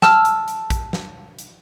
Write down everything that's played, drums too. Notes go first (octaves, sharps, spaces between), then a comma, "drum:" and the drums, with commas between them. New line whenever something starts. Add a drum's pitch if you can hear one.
A5 E6 F6, drum: snare
drum: hi-hat
drum: hi-hat
drum: kick A#1, hi-hat
drum: snare
drum: hi-hat